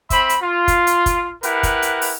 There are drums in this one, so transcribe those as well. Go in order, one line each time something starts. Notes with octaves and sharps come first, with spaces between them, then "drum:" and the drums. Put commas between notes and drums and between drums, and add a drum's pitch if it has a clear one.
C4 E5 B5, drum: kick, hi-hat
drum: hi-hat
F4
drum: kick, hi-hat
drum: hi-hat
drum: kick, hi-hat
E4 G4 A#4 B4 F#5, drum: hi-hat
drum: kick, hi-hat
drum: hi-hat
drum: open hi-hat